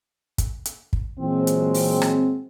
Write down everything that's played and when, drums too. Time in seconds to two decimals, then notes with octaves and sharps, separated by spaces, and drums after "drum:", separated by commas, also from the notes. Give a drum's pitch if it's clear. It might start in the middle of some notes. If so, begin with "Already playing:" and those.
0.38 drum: kick, hi-hat
0.65 drum: hi-hat
0.93 drum: kick
1.20 A#2 E3 F#3 G#3 C4
1.47 drum: hi-hat
1.74 drum: open hi-hat
2.02 drum: rim click